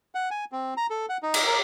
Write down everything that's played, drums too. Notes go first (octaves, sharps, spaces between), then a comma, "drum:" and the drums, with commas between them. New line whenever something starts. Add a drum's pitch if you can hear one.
F#5
G#5
C4
A#5
A4
F#5
D#4
drum: cymbal
A#4